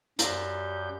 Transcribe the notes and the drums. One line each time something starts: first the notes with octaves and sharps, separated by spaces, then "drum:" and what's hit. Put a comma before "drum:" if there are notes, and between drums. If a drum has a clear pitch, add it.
F#2 G3 F4 E5 A#5 G6, drum: hi-hat